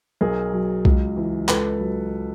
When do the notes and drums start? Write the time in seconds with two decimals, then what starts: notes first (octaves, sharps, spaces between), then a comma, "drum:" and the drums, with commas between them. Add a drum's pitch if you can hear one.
0.21 B1 G#4 A#4
0.53 F#3
0.85 C#2, drum: kick B1
1.17 E3
1.48 C#2 A4 B4, drum: clap
1.81 F#3